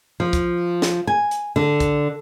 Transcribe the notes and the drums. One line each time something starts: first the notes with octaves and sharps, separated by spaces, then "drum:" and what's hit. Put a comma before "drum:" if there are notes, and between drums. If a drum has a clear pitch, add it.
F3
drum: kick, hi-hat
drum: snare
G#5
drum: hi-hat
D3
drum: kick, hi-hat